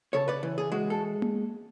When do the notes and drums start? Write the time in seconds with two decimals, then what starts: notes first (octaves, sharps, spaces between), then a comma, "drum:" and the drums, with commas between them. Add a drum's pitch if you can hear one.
0.13 C#3 A4 C#5
0.28 B4 D5
0.43 E3
0.58 G#4
0.72 G#3 F#4
0.90 A4
1.22 drum: tom A#3